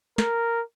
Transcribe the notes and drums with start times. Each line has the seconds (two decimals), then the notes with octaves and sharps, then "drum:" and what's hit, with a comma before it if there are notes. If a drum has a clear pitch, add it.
0.18 A#4, drum: snare